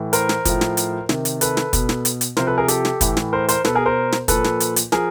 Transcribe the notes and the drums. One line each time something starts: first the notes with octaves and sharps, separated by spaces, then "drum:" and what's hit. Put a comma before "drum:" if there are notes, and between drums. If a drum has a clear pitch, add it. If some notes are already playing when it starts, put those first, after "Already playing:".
Already playing: A2 E3
A#4 C5, drum: hi-hat
drum: snare
A2 F3, drum: kick, hi-hat
drum: snare
drum: hi-hat
C3 D#3, drum: snare
drum: hi-hat
A4 B4, drum: hi-hat
drum: snare
B2, drum: kick, hi-hat
drum: snare
drum: hi-hat
drum: hi-hat
C3 F3 A#4 C5, drum: snare
A4 B4
G#4 A#4
G4 A4, drum: hi-hat
drum: snare
A2 E3, drum: kick, hi-hat
drum: snare
A#4 C5
A#4 C5, drum: hi-hat
B2 A4 B4, drum: snare
G#4 A#4
A#4 C5
drum: snare
A#2 F3 A4 B4, drum: kick, hi-hat
drum: snare
drum: hi-hat
drum: hi-hat
F3 G#4 A#4, drum: snare